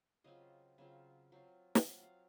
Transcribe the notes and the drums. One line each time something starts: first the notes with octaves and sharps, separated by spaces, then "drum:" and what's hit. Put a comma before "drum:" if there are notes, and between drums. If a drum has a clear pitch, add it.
C#3 F#3 C4 F4 D#5
C#3 F#3 C4 F4
F#3 C4 F4
drum: snare
F#3 C4 F4 F#5
F#5
F5